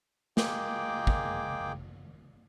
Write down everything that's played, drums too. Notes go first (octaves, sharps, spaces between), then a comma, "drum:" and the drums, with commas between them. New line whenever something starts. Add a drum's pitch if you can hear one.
G#3 A#3 G#4 G5 D6, drum: snare
drum: kick